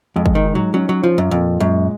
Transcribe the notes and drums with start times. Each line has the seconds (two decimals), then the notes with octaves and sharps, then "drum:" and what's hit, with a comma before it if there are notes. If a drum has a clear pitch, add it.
0.16 F2 G#3
0.26 drum: kick
0.35 D#3
0.45 D#4
0.55 F#3, drum: tom G#2
0.74 F#3 C#4
0.89 F#3
1.03 F3 F4
1.18 F#2
1.31 F2 A#2
1.60 F#2 G#3